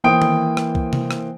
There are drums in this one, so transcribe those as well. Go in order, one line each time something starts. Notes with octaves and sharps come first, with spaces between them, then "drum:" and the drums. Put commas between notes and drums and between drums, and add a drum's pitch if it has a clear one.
E3 A#3 C5 G5 D#6 D7
drum: tom D#3
drum: rim click
drum: kick
drum: tom C3
drum: rim click